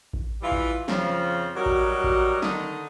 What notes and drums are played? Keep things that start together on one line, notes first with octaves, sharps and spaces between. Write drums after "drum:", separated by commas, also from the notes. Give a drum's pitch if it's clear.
drum: kick A1
E3 G3 E4 F4
drum: kick A1
F2 C#3 F3, drum: snare
F#3 G3 D#4 F#4 A#4
drum: kick A1
drum: kick A1
D3 D#3 D#4, drum: snare